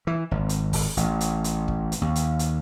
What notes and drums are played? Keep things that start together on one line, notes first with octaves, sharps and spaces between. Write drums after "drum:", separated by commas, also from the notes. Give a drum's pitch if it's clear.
E3
G#1
drum: hi-hat
drum: kick, open hi-hat
A1, drum: hi-hat
drum: hi-hat
drum: hi-hat
drum: kick
drum: hi-hat
D#2
drum: hi-hat
drum: hi-hat